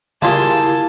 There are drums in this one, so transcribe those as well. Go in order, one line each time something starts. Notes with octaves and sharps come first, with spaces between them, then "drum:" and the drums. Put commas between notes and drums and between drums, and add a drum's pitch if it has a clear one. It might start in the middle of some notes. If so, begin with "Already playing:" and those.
A#3 E4 F4 G4 G#4 A#4 A5, drum: tom C#3